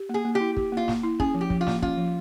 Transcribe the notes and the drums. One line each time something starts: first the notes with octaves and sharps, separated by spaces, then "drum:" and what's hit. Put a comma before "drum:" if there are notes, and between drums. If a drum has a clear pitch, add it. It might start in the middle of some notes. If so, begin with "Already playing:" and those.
Already playing: G4
A#3 G#4
A#3
G4
E4
G4, drum: kick
A#3 F4
A#3, drum: snare
E4
C#4 G#4, drum: kick
F3
G4
F3, drum: kick
F4
A#3, drum: snare
C#4 F4, drum: kick
F3